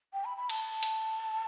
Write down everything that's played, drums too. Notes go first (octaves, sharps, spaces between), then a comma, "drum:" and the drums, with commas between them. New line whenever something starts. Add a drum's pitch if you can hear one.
G5
B5
B5
A5, drum: cymbal
drum: hi-hat